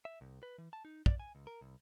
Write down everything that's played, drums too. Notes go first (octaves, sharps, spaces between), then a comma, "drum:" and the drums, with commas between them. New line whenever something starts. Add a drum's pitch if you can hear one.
E5
C2
B4
E3
A5
D#4
D5, drum: kick
G#5
C#2
A#4
C2